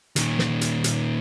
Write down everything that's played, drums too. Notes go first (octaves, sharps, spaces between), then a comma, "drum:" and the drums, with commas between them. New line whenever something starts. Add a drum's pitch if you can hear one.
A#2 D#3, drum: hi-hat
drum: snare
drum: hi-hat
drum: hi-hat